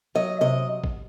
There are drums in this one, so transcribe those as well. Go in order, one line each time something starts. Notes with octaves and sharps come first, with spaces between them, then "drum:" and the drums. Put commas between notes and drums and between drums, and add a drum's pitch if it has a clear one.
F#3 D#5
C3 D#5
drum: kick A#1